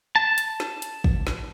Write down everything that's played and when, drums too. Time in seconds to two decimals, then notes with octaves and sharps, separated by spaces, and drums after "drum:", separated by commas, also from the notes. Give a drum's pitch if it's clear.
0.16 A5
0.38 drum: hi-hat
0.60 drum: snare
0.82 drum: hi-hat
1.04 drum: kick
1.27 drum: snare